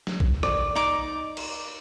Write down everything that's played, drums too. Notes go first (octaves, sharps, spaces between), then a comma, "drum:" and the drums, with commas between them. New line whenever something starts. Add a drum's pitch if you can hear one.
drum: snare
drum: kick A#1
D5, drum: rim click
D#4 D6
drum: cymbal